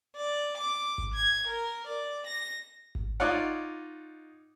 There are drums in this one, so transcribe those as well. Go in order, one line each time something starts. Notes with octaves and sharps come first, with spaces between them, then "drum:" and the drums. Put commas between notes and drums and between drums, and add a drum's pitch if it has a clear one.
D5
D6
drum: kick G#1
G#6
A#4
D5
A#6
drum: kick G#1
D#4 F4 C#5 D5 F#5